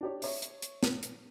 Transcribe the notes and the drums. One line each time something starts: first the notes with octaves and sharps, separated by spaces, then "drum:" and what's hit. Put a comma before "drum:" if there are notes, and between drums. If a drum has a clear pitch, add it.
D4 G4 C#5
C#5 E5, drum: open hi-hat
drum: hi-hat
drum: hi-hat
drum: snare
drum: hi-hat